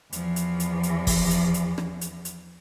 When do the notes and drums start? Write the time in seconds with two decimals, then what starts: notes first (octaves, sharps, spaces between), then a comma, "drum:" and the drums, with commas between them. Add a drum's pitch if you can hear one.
0.13 E2 F3, drum: hi-hat
0.36 drum: hi-hat
0.60 drum: hi-hat
0.83 drum: hi-hat
1.07 drum: kick, open hi-hat
1.31 drum: hi-hat
1.54 drum: hi-hat
1.78 drum: rim click
2.01 drum: hi-hat
2.25 drum: hi-hat